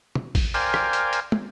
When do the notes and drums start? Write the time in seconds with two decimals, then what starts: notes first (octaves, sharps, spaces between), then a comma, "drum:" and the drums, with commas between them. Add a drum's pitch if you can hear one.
0.15 drum: tom
0.35 drum: kick A1, open hi-hat
0.54 A#4 C5 D5 F5 G5 G#5, drum: open hi-hat
0.74 drum: rim click
0.93 drum: hi-hat
1.13 drum: hi-hat
1.32 drum: tom